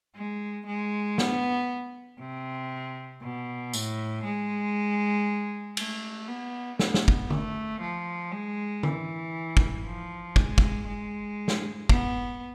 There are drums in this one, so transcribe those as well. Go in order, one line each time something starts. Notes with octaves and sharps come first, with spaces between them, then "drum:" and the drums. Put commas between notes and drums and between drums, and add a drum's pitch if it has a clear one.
G#3
G#3
B3, drum: snare
C3
B2
A2, drum: tambourine
G#3
A3, drum: cymbal
B3
B3, drum: snare
drum: snare
drum: kick
A3, drum: tom D3
F3
G#3
E3, drum: tom D3
drum: kick
F3
G#3, drum: kick
drum: kick
G#3
drum: snare
B3, drum: kick